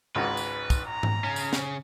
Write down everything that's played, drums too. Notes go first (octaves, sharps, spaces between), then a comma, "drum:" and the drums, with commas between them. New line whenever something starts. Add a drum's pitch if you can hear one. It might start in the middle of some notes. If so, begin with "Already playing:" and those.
G#1 C#2 G#2 B4
drum: tambourine
drum: kick, tambourine
A#5
drum: tom G#2
C#3 C#4
drum: tambourine
drum: snare